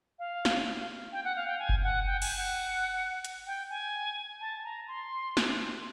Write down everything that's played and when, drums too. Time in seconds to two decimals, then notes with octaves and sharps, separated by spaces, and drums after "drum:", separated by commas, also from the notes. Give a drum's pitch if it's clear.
0.19 F5
0.45 drum: snare
1.12 G5
1.24 F#5
1.36 F5
1.47 G5
1.59 G#5
1.69 drum: kick F#1
1.83 F#5
2.06 G5
2.22 G#5, drum: cymbal
2.37 F#5
3.25 drum: hi-hat
3.47 G5
3.70 G#5
4.41 A5
4.64 A#5
4.88 C6
5.37 drum: snare